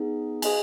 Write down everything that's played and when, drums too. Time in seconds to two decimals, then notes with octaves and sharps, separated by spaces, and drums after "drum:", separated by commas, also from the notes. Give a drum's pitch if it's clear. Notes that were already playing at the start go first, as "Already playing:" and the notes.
Already playing: B3 D#4 G#4
0.42 G#4 D#5 G#5, drum: cymbal